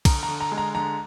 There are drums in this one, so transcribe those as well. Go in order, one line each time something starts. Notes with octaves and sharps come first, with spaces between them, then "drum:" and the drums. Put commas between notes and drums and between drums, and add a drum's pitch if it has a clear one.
D3 A#5, drum: kick B1, cymbal
A#5
D3
A#5
G#3
A#5
D3 A#5